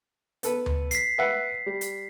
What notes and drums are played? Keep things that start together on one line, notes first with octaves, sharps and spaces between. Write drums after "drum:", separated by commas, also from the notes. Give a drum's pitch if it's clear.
B3 A4 B4, drum: hi-hat
drum: tom D2
B6 C7, drum: hi-hat
B4 E5 F#5
G3
drum: hi-hat